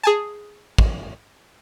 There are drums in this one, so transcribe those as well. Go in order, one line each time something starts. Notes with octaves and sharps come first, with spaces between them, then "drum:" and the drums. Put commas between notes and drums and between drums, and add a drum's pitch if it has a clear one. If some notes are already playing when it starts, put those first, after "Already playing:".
G#4 G#5 A5
drum: kick